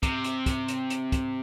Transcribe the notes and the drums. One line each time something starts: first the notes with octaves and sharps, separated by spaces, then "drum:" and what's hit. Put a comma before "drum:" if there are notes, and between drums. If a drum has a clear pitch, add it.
C3, drum: kick, hi-hat
drum: hi-hat
drum: kick, hi-hat
drum: hi-hat
drum: hi-hat
drum: kick, hi-hat